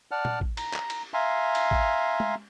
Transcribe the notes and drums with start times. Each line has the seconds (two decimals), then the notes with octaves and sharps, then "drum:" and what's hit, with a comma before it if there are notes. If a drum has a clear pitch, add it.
0.11 D5 F#5 A5 F6
0.25 drum: tom A#2
0.41 drum: kick
0.57 A#5, drum: cymbal
0.74 drum: clap
0.90 drum: cymbal
1.14 E5 F5 G#5 A#5 C6
1.55 drum: cymbal
1.71 drum: kick
2.20 drum: tom G#3